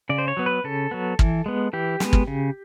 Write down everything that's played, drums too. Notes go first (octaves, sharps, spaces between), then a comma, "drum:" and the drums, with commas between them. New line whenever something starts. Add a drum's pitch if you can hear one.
C#3 D5
C5
C#5
F#3 B3
B4
C#3 A4
F#3 B3
E3, drum: kick
G#3 B3
E3 G4
G#3 B3, drum: snare
drum: kick
C#3